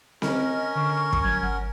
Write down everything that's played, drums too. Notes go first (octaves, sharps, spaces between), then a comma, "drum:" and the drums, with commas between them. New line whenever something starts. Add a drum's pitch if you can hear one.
C#4 A#4 D#5, drum: snare C4
D3 C#6
drum: kick
F#3 G#6
G1 F#5